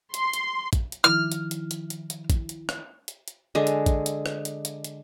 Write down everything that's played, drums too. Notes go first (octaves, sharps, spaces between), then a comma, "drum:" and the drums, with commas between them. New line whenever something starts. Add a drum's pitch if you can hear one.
C6, drum: hi-hat
drum: hi-hat
drum: kick A1, hi-hat
drum: hi-hat
D#3 F3 E4 F6
drum: hi-hat
drum: hi-hat
drum: hi-hat
drum: hi-hat
drum: hi-hat
drum: kick A1, hi-hat
drum: hi-hat
drum: rim click
drum: hi-hat
drum: hi-hat
D3 G#3
drum: hi-hat
drum: kick A1, hi-hat
drum: hi-hat
drum: rim click
drum: hi-hat
drum: hi-hat
drum: hi-hat